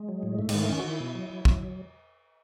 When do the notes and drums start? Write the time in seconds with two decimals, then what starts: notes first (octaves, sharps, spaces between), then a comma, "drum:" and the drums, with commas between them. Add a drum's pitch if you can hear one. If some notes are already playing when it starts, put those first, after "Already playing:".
Already playing: G#3
0.09 F#3
0.23 A2
0.39 G#2 A3
0.49 G#3, drum: cymbal
0.54 D#3 A3
0.69 D#3 C#4
0.79 F#4
0.84 D#3
0.90 E4
1.00 B2
1.15 F#3
1.30 F#3
1.45 F#3, drum: kick